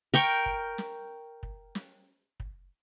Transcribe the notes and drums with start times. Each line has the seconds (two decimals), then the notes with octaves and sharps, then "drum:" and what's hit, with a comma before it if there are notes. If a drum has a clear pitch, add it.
0.14 A#4 G5 C#6
0.46 drum: kick
0.78 drum: snare
1.43 drum: kick
1.75 drum: snare
2.40 drum: kick